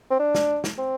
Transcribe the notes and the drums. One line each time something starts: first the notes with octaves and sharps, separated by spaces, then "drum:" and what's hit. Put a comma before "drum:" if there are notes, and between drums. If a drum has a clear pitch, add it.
C4
D4
drum: snare
drum: snare
C4